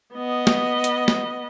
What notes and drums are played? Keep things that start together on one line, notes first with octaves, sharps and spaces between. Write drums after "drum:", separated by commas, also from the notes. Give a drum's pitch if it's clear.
B3 D#5
drum: snare
drum: hi-hat
drum: snare